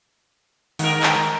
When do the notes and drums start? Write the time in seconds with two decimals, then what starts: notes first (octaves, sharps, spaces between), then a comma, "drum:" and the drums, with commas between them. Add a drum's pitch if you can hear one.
0.79 D#3 G#3 A#4, drum: open hi-hat
1.03 drum: clap